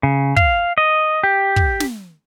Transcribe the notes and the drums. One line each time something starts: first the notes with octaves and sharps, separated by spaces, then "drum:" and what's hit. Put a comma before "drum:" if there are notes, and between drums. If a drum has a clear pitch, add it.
C#3
F5, drum: kick
D#5
G4
drum: kick
drum: snare